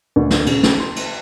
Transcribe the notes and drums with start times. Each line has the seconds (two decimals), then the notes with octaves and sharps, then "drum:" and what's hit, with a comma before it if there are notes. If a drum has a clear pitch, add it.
0.16 D2
0.30 drum: snare
0.46 C#3, drum: cymbal
0.63 drum: snare
0.80 C6
0.96 drum: cymbal